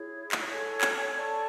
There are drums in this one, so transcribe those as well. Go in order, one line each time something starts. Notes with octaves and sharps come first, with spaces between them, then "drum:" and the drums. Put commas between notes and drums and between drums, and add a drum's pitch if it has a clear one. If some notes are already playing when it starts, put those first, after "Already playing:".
Already playing: E4 G#4 C#5
drum: clap
A4 C#5 G#5
drum: clap
A4 D5 A5 C#6